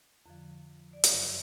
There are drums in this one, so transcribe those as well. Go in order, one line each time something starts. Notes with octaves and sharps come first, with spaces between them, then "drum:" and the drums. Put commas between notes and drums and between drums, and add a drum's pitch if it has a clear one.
F2 D3 F3
D5
F#2 C#3 F#3 C#5, drum: hi-hat